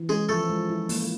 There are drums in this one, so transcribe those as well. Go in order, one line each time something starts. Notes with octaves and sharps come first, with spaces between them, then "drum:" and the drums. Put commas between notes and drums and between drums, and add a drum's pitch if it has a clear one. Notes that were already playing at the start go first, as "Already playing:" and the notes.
Already playing: E3
G#3 C#4 G#4
F3 A3 A4
G#3
E4
A#3, drum: open hi-hat